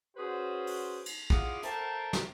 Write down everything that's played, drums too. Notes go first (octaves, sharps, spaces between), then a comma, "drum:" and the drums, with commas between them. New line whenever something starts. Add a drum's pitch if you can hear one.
C#4 F#4 G#4 B4 C5
drum: open hi-hat
drum: cymbal
E4 F4 G#4 D5 F5 F#5, drum: kick
A4 A#4 C5 E5 G5 A5, drum: hi-hat
drum: snare